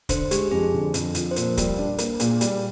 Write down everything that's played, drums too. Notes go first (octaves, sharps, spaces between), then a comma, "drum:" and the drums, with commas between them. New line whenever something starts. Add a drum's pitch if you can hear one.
D3 C5, drum: kick, hi-hat
G#3 G4, drum: hi-hat
F2 G#4
D3
F2, drum: hi-hat
F3, drum: hi-hat
C5
A#2 A#4, drum: hi-hat
G3, drum: kick, hi-hat
D4
A#3, drum: hi-hat
A#2 G#4, drum: hi-hat
G3, drum: hi-hat